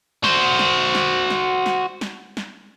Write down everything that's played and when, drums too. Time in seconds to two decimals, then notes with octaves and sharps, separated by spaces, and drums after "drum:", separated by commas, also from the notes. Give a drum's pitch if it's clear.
0.24 F#4 C5, drum: snare
0.59 drum: snare
0.95 drum: snare
1.30 drum: snare
1.66 drum: snare
2.01 drum: snare
2.37 drum: snare